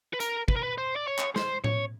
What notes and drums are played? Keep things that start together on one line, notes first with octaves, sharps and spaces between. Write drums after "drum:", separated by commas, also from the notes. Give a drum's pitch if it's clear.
B4
A#4, drum: hi-hat
B4, drum: kick
A#4
B4
C5
D5
C#5
drum: clap
C5, drum: snare
C#5, drum: tom A2